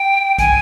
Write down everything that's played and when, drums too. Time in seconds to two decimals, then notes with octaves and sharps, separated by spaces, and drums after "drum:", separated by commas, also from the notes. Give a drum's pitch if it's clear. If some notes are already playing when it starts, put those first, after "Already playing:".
Already playing: G5
0.38 G#5, drum: kick, hi-hat